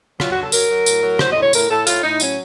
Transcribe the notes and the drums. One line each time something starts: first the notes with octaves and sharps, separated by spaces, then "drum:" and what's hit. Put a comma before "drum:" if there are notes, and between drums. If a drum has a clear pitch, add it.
F#3 F4, drum: rim click
F#4
F#3
A4
F#3 A#4, drum: tambourine
F#3
A2, drum: tambourine
F#3
A2 C5, drum: rim click
A2 D#5
C#5
A2 A#4, drum: tambourine
A2 A4
A2 F4, drum: tambourine
A2 D#4
F#3 C#4, drum: tambourine